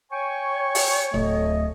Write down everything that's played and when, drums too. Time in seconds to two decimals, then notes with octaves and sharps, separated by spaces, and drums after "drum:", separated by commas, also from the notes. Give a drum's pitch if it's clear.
0.11 C#5 G5 G#5 C#6
0.75 drum: open hi-hat
1.14 D1 A3 D#5